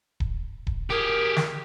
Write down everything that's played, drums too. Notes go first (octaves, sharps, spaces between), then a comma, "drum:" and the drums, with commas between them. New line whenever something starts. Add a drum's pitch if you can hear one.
drum: kick D#1
drum: kick D#1
G4 G#4 A#4
drum: snare